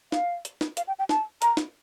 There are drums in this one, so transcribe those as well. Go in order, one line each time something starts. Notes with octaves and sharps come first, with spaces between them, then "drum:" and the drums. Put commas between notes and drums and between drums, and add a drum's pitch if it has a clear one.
F5, drum: snare
drum: hi-hat
drum: snare
F5, drum: hi-hat
G5
G5
A5, drum: snare
A#5, drum: hi-hat
drum: snare